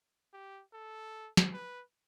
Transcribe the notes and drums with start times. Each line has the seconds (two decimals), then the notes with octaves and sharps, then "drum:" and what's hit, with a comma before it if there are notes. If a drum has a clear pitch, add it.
0.34 G4
0.73 A4
1.37 drum: snare
1.53 B4